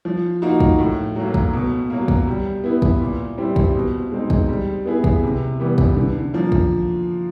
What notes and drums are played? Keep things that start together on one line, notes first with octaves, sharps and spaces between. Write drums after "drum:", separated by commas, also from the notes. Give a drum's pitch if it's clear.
F3
A#3 D#4 F#4
drum: kick
A2
F#3 A#3
drum: kick
B2
F#3 A#3
drum: kick
G3
B3 E4
drum: kick
A#2
G3 C4 E4 G4
drum: kick
B2
G#3 C4 D#4
drum: kick
G3
B3 E4 G#4
drum: kick
C3
E3 G3 B3
drum: kick
D3
F3 A#3
drum: kick